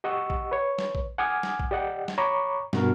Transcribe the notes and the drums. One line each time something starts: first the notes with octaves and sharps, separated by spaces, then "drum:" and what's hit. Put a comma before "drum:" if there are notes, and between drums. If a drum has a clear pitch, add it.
G4 D#5 F#5 C#6 E6
drum: kick A#1
B4 C#5
drum: snare
drum: kick A#1
F#5 G#5 D6 D#6 F6 G#6
drum: snare
drum: kick A#1
G4 D5 D#5 F#5 G5
drum: snare
C#5 A#5 B5 C#6 D6
G2 B2 F#4 A#4 F6, drum: snare